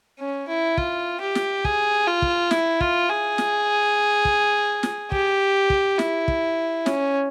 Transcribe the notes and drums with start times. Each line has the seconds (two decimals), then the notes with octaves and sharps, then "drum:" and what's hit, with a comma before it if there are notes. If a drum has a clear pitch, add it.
0.19 C#4
0.48 E4
0.77 F4, drum: kick
1.21 G4
1.35 drum: snare
1.65 G#4, drum: kick
2.07 F4
2.22 drum: kick
2.51 E4, drum: snare
2.81 F4, drum: kick
3.09 G#4
3.38 drum: snare
4.25 drum: kick
4.83 drum: snare
5.12 G4, drum: kick
5.70 drum: kick
5.99 E4, drum: snare
6.28 drum: kick
6.86 C#4, drum: snare